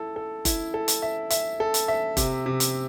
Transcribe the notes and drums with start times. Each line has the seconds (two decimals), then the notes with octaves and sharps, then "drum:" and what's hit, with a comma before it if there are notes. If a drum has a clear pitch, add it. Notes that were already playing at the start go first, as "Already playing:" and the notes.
Already playing: E4 A4
0.16 A4
0.45 E4, drum: kick F1, hi-hat
0.74 A4
0.88 drum: hi-hat
1.02 E5
1.30 E5, drum: hi-hat
1.60 A4
1.74 drum: hi-hat
1.88 E5
2.17 C3, drum: kick F1, hi-hat
2.46 C3
2.60 drum: hi-hat